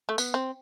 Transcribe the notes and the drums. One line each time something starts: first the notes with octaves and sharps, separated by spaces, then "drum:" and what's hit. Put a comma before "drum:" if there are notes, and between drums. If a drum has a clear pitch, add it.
A3
B3, drum: tambourine
C4